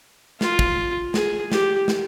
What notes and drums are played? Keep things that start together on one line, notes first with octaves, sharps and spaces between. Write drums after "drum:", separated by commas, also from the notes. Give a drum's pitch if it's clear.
F4, drum: snare
drum: kick
G#4, drum: snare
G4, drum: snare
drum: snare